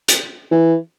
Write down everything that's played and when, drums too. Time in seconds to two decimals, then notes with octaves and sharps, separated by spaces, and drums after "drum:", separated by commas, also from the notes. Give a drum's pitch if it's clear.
0.08 drum: hi-hat
0.51 E3